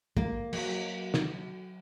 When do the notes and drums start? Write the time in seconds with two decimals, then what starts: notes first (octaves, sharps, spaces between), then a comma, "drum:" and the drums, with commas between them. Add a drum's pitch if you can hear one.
0.17 A#3, drum: kick
0.53 F#3, drum: cymbal
1.14 drum: snare